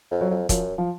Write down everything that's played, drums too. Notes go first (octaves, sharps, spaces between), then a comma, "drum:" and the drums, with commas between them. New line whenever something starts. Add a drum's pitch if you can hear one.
F2
F#3
F2
F#2 F3, drum: kick, hi-hat
F3